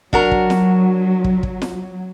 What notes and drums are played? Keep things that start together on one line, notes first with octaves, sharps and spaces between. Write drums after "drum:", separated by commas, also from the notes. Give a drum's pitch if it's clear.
F#3 D4 F#4 A#4, drum: kick
drum: kick
drum: snare
drum: kick
drum: kick
drum: snare